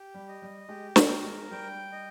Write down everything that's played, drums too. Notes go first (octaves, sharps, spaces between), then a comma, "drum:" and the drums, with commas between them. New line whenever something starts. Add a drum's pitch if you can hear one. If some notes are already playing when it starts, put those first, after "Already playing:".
Already playing: G4
G3
D#5
G3
G#3 G4
A#3, drum: snare
A#4
G#3
G3 G5
D#5